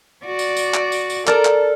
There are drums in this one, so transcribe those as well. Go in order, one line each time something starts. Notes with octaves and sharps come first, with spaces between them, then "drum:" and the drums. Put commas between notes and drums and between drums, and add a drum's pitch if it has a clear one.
F#4 D5
drum: tambourine
drum: tambourine
drum: clap
drum: tambourine
drum: tambourine
A4 A#4 D5 A5, drum: clap
drum: clap